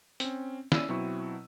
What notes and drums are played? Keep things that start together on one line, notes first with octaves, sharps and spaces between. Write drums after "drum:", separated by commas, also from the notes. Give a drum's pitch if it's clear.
C4 C#4, drum: hi-hat
C#4 E4 D5 E6 D#7, drum: snare
B2 F#3 C4 E4 C#6